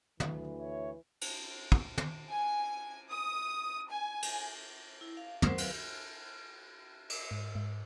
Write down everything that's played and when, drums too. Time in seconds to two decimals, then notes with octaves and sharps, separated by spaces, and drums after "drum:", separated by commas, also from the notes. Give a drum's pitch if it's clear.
0.20 D2 E3 F#3, drum: tom
0.58 C#5 E5
1.21 drum: cymbal
1.72 drum: kick
1.98 drum: tom
2.29 G#5
3.10 D#6
3.88 G#5
4.22 drum: cymbal
5.01 E4
5.17 F5
5.42 F#3 C4 A#4 C5 C6, drum: tom
5.58 B4 F5, drum: cymbal
7.10 E7, drum: cymbal
7.31 G#2
7.55 G#2